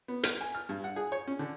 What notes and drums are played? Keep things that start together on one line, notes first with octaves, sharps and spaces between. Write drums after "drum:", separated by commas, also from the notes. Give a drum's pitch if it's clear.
B3
F6, drum: hi-hat
G#5
F6
G2
F#5
G#4
C#5
C#4
D3